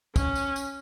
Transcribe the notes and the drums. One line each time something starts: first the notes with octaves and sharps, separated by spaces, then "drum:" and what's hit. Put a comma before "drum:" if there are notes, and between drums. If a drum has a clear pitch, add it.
C#4, drum: kick, tambourine
drum: tambourine
drum: tambourine